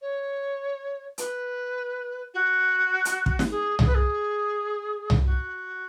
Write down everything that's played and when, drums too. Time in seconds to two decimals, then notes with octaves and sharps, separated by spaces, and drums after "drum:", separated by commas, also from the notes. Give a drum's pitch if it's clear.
0.01 C#5
1.18 B4, drum: hi-hat
2.34 F#4
3.05 drum: hi-hat
3.26 drum: kick
3.39 drum: snare
3.50 G#4
3.79 G#4, drum: tom C2
3.86 B4
3.94 G#4
5.10 drum: tom C2
5.24 F#4